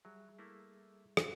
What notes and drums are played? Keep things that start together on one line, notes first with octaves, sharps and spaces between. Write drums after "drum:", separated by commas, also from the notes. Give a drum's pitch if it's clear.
F#3 G3 G#4 E5
A3 A#3 E4
drum: rim click